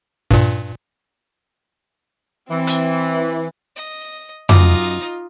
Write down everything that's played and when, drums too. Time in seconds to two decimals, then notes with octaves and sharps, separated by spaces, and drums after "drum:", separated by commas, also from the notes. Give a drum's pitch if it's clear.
0.31 G2 A#2, drum: kick
2.51 E3 C4
2.67 drum: hi-hat
3.76 D#5
4.49 F#2 D#4 F4 D#5 D6, drum: tom F2